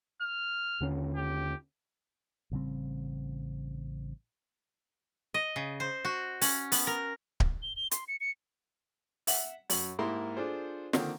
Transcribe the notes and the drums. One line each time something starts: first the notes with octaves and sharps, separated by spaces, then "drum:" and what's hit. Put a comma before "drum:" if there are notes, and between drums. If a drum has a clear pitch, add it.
F6
D#2 D3 C#4
G4
A1 C#3 G3 C4
D#5
C#3
C5
F#4
C#4, drum: open hi-hat
B3, drum: open hi-hat
A#4
drum: kick D1
G7
G7
C6, drum: hi-hat
C#7
C#7
E5 F#5, drum: open hi-hat
F#2, drum: open hi-hat
G#2 A#3 E4 G4 A#4 C6
D4 F4 G#4 A4 C5
D3 D#3 F3 A#3 C4, drum: snare